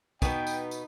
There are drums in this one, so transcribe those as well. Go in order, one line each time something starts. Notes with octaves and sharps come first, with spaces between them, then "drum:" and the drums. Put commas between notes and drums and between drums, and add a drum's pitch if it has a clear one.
B2 B3 D#4 G5, drum: kick, tambourine
drum: tambourine
drum: tambourine